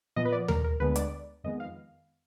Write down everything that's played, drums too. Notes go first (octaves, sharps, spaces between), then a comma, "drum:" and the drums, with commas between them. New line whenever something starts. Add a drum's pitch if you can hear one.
A#2 F3 B3 D#5
B4
D5
A#4, drum: tom D#2
A#4
D2 D3 G#3 B3 B4
D5, drum: hi-hat
F2 D#3 G#3 B3 D#5
F5